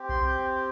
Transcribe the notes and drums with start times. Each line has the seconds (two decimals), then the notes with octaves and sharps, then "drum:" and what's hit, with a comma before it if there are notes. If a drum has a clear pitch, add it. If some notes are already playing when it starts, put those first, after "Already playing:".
Already playing: C4 G4
0.09 C6, drum: kick
0.27 G6